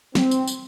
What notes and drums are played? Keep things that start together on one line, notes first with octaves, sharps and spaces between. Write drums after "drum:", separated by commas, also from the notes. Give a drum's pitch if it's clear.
C4, drum: snare
drum: tambourine
drum: tambourine